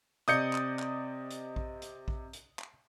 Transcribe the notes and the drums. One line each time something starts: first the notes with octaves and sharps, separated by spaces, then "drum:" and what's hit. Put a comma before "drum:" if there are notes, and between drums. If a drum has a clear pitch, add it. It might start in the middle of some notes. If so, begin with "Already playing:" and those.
C3 D5 D#5 D#6 G6 C#7, drum: hi-hat
drum: clap
drum: clap
drum: hi-hat
drum: kick A#1
drum: hi-hat
drum: kick A#1
drum: hi-hat
drum: clap